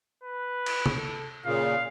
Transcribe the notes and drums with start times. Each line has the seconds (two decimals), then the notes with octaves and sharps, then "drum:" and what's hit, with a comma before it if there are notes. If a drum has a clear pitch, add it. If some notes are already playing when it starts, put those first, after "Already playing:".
0.23 B4
0.66 drum: cymbal
0.86 drum: tom
0.96 A4
1.45 A#2 C#3 F5